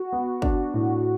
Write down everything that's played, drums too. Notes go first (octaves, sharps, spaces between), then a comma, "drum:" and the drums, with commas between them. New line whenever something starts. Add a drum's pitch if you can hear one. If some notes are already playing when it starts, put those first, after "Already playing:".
Already playing: F#4
B3
D4, drum: kick
A2